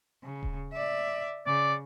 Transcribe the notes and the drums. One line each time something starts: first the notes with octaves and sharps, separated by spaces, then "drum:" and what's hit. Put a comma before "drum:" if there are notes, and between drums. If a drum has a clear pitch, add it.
C#3
drum: kick D#1
D5 E5
C#3 D5